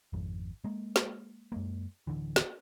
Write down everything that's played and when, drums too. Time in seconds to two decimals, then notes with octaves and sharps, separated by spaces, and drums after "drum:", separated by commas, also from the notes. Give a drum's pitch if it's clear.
0.13 G#1 F2
0.64 G#3 A#3
0.96 drum: snare
1.52 F#2 G#3 A#3
2.07 D1 C2 D3 E3
2.36 drum: snare